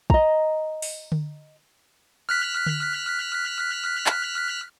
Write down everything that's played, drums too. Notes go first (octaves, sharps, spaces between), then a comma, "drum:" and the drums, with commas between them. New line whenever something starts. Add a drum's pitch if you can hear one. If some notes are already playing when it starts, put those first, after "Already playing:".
D#5 A#5, drum: kick
drum: open hi-hat
drum: tom D3
F6 F#6 B6
drum: tom D3
drum: clap